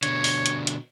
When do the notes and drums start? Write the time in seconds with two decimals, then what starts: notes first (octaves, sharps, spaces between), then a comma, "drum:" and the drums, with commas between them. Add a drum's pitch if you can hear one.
0.03 B2 D3 C#5, drum: hi-hat
0.24 drum: open hi-hat
0.46 drum: hi-hat
0.67 drum: hi-hat